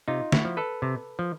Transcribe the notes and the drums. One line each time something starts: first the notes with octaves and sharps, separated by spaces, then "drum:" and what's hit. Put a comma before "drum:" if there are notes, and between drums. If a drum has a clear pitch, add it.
C3 D#4 F4
E4 F#4, drum: snare
F3
A4 B4
C3
F3